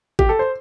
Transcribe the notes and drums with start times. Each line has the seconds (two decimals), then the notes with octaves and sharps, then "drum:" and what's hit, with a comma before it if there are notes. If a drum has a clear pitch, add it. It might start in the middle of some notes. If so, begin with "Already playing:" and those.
0.19 G4, drum: kick G#1
0.29 A4
0.39 C5